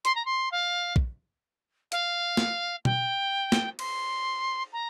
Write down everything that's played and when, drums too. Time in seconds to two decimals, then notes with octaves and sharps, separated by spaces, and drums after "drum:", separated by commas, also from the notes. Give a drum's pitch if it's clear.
0.05 C6, drum: hi-hat
0.15 A#5
0.25 C6
0.52 F5
0.96 drum: kick
1.92 F5, drum: hi-hat
2.37 drum: snare
2.85 G5, drum: tom B2
3.52 drum: snare
3.79 C6, drum: cymbal
4.73 A#5